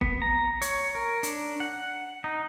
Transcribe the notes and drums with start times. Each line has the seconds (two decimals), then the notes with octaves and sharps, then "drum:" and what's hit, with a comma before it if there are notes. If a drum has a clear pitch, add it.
0.01 B3, drum: kick
0.22 A#5
0.62 C#5, drum: hi-hat
0.95 A#4
1.23 D4, drum: hi-hat
1.60 F#5
2.24 D#4